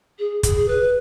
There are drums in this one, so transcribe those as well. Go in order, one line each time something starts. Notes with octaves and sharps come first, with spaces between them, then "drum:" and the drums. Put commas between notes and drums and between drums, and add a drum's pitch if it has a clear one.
G#4
G#4, drum: kick, hi-hat
B4